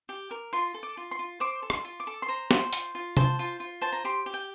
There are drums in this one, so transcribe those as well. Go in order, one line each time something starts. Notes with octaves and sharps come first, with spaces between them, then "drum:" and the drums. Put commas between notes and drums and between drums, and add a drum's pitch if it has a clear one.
G4
A#4
F4 C6
A4
D6
F4
C6
F4
C5 D6
A4
C6, drum: rim click
F4
D6
A4
C6
C5 A#5
C5, drum: snare
F4, drum: hi-hat
F4
C5 A5, drum: tom
F4
F4
C5 A5
A#5
G4 C6
G4
G5